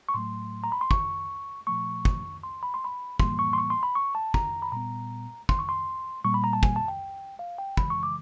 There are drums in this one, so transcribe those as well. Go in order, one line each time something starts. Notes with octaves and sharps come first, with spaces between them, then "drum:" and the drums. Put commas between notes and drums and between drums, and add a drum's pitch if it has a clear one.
C#6
A2 F#3 A3 C6
A#5
B5
C6
C#6, drum: kick
A#2 F3 A3 C#6
drum: kick
C6
B5
C6
B5
A2 E3 G3 A#3 C6, drum: kick
C#6
C6
C#6
C6
B5
C#6
A5
A#5, drum: kick
B5
A#2 G3 B3 A#5
C6, drum: kick
C#6
C6
A#2 G3 A#3 C#6
B5
A#5
A5
G#5, drum: kick
A5
G5
F5
G5
C#3 E3 G#3 B5, drum: kick
C#6
D6